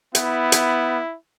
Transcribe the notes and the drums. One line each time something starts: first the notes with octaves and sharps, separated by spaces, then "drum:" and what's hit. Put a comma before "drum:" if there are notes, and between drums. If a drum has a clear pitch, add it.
B3 E4, drum: hi-hat
drum: hi-hat